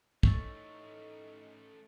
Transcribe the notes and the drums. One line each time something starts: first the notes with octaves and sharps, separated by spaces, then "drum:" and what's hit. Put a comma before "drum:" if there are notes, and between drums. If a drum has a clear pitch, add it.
A3 C#4 D#4 C#6 E6 A6, drum: kick